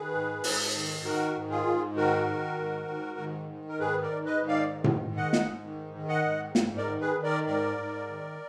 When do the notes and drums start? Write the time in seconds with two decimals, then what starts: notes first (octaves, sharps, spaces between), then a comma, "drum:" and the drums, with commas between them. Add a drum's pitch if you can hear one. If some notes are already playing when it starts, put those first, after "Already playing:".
Already playing: D#3 G#4 B4
0.13 G#2
0.44 G#2, drum: open hi-hat
0.74 D#3
1.04 D#3 F#4 A#4
1.35 G#2
1.50 F4 G#4
1.66 G#2
1.96 D#3 F#4 A#4
2.27 D#3
2.57 G#2
2.88 G#2
3.19 D#3
3.49 D#3
3.69 A#4
3.80 G#2 G#4 B4
4.02 A#4 D5
4.11 G#2
4.25 B4 D#5
4.41 D#3
4.48 D5 F5
4.71 D#3
4.84 drum: tom A2
5.02 G#2
5.17 D#5 F#5
5.33 G#2, drum: snare
5.63 D#3
5.94 D#3
6.08 D#5 F#5
6.24 G#2
6.55 G#2, drum: snare
6.78 A#4 D5
6.85 D#3
7.00 G#4 B4
7.16 D#3
7.23 A#4 D5
7.46 G#2 A#4 D5
7.78 G#2
8.08 D#3